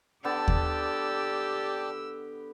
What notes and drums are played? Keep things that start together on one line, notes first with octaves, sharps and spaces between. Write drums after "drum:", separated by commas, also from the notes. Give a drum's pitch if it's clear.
D3 B3 G4 D5 G5 A5 E6
drum: kick D#2